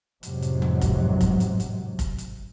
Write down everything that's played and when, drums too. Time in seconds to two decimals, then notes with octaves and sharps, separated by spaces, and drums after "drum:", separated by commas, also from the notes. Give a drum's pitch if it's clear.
0.23 A1 F2 G#2 C3 F#3, drum: hi-hat
0.42 drum: hi-hat
0.62 drum: tom E3
0.81 drum: kick F1, hi-hat
1.21 drum: kick F1, hi-hat
1.40 drum: hi-hat
1.60 drum: hi-hat
1.99 drum: kick F1, hi-hat
2.18 drum: hi-hat